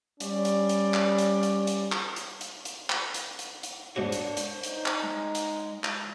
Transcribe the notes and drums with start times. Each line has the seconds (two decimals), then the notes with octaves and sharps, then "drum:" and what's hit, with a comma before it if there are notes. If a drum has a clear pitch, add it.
0.20 G3 C#4 D5, drum: hi-hat
0.45 drum: hi-hat
0.69 drum: hi-hat
0.94 drum: clap
1.18 drum: hi-hat
1.43 drum: hi-hat
1.67 drum: hi-hat
1.92 drum: clap
2.16 drum: hi-hat
2.41 drum: hi-hat
2.65 drum: hi-hat
2.90 drum: clap
3.14 drum: hi-hat
3.39 drum: hi-hat
3.63 drum: hi-hat
3.96 G#2 D4 F#4 C5 C#5
4.12 drum: hi-hat
4.37 drum: hi-hat
4.63 D#4, drum: hi-hat
4.86 drum: clap
5.03 G#3
5.35 drum: hi-hat
5.84 drum: clap